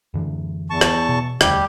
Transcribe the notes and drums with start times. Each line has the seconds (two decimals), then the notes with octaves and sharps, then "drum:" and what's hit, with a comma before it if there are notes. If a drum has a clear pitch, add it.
0.14 F#2 D3 E3
0.70 E2 A5 C#6
0.81 drum: rim click
1.09 B2
1.41 E1 D2 G3 G4, drum: rim click